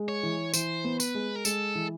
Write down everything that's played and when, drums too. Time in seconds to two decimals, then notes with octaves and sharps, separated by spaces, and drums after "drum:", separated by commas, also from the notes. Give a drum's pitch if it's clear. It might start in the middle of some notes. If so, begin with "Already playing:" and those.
Already playing: G#3
0.08 C#5
0.23 E3
0.54 E3 C5, drum: tambourine
0.84 B3
1.00 B4, drum: tambourine
1.15 G#3
1.36 A#4
1.45 G#3 A4, drum: tambourine
1.75 E3